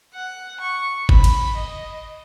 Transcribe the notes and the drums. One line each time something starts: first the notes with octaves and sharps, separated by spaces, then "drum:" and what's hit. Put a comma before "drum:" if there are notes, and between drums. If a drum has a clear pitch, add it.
F#5
C#6
B5, drum: kick
drum: cymbal
D#5